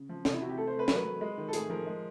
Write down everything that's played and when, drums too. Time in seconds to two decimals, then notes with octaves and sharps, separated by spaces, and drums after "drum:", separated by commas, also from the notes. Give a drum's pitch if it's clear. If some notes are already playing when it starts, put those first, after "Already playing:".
Already playing: C#3
0.09 F3
0.25 C3 D#4, drum: snare
0.34 E4
0.41 C3 F#4
0.49 G4
0.57 A3 A4
0.67 C5
0.73 A3
0.79 B4
0.88 F#3 A#4, drum: snare
0.96 B4
1.05 F#3
1.21 G#3
1.38 D#3
1.48 A4
1.53 A2 G#4, drum: hi-hat
1.69 F3 A#4
1.86 G#3